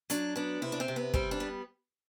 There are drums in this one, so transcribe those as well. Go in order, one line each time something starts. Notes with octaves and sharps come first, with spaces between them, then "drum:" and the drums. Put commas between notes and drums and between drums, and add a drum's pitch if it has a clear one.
F#3 D4, drum: hi-hat
B3 D4
C3 E4
D4
C4
C3
B3
G3 C4, drum: kick
D4
B3